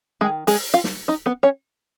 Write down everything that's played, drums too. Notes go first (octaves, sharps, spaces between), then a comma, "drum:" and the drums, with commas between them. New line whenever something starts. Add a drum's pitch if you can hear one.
G#3 G#4
D#3
G#3 G#4, drum: open hi-hat
F4 F5
drum: snare
D#4 D#5
B3 B4
C#4 C#5